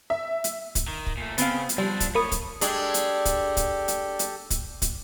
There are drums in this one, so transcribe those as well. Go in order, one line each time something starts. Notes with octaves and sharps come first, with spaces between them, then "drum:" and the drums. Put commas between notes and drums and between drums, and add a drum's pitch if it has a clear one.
E5
drum: hi-hat
drum: kick, hi-hat
D#3
drum: kick
A#2 A3
C#3 B3 C4 F5, drum: hi-hat
drum: hi-hat
F3 G3 C4 D4
drum: kick, hi-hat
F#2 A#3 C#5 B5 D#6
drum: kick, hi-hat
G#3 D4 G4 A4, drum: hi-hat
drum: hi-hat
drum: kick, hi-hat
drum: kick, hi-hat
drum: hi-hat
drum: hi-hat
drum: kick, hi-hat
drum: kick, hi-hat